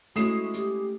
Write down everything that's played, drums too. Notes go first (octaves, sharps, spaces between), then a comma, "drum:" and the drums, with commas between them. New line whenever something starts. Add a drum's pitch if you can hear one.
G#3 A3 C#4 E4 F#4 D#6 C7 E7, drum: hi-hat
G4, drum: hi-hat